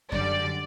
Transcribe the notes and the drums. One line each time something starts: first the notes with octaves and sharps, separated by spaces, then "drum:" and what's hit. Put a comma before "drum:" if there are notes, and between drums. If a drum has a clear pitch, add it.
F#2 D3 G3 D5, drum: kick F#2